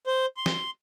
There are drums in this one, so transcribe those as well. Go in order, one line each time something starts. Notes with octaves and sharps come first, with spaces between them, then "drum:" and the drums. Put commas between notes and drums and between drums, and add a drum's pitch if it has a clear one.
C5
C6
drum: snare